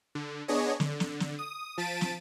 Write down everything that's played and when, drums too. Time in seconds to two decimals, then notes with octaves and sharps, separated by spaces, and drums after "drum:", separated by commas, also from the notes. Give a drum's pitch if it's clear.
0.15 D3
0.48 B3 D4 G#4 C#5 D#5
0.80 D3, drum: snare
1.00 drum: snare
1.20 drum: snare
1.39 D#6
1.78 F3 A5 A6 B6 D7 D#7
2.01 drum: snare